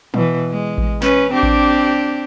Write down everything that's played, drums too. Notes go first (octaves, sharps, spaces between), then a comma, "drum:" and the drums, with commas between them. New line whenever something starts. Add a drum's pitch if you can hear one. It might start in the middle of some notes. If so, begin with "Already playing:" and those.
B2 E3, drum: tom E3
G#3
drum: kick A1
C#4 B4, drum: snare
C4 D4 G4
drum: kick A1